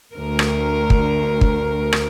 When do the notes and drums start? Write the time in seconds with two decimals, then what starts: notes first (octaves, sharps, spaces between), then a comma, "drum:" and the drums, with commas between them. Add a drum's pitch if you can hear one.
0.13 D2 A#4
0.39 drum: rim click
0.90 drum: kick
1.41 drum: kick
1.93 drum: rim click